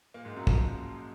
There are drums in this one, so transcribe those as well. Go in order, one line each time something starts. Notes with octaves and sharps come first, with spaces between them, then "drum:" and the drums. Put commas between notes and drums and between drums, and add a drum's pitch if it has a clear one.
A#2 A#3
G#2 G#3
F#2 F#3
F3, drum: kick